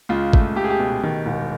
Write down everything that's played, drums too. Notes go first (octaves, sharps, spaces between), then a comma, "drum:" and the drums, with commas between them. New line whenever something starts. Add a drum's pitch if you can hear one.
C#2 F4
A3, drum: kick
A3 G4
G#4
G4
B2
D#3
E1